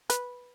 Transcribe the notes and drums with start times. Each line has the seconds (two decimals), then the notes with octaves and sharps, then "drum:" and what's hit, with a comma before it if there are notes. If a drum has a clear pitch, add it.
0.10 B4, drum: hi-hat